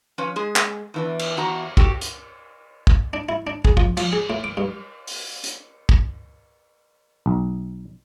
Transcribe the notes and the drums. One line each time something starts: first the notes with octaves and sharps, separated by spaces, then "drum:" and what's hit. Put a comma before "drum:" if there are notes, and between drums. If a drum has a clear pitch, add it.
F3 C#4 B4 C#5
G#3 G#4
drum: clap
E2 E3 D4
drum: cymbal
E2 F#4 A#5
F#4 G4 A4, drum: kick
drum: hi-hat
drum: kick
D4
E4
D4
G#4, drum: kick
F3, drum: kick
F3, drum: cymbal
G#4
A2
D6
G2
drum: open hi-hat
drum: hi-hat
drum: kick
B1